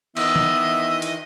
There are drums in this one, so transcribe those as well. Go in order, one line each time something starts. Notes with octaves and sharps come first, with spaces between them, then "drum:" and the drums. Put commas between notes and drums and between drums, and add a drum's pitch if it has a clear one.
D#3 E3 B3 E4 D#5 E5, drum: cymbal
drum: tom D#3
drum: hi-hat